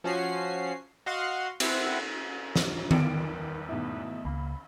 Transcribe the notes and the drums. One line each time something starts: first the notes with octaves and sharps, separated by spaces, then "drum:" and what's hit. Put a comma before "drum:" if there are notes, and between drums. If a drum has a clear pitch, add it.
F3 C#4 F#4 C7
F#4 D#5 F5 F#5 C6
C4 E4 F#5, drum: cymbal
drum: snare
E2 D#3 G3 B4 F6 A6 D7, drum: tom D#3
G#2 B2 A3 E4
C#2 A#3 B5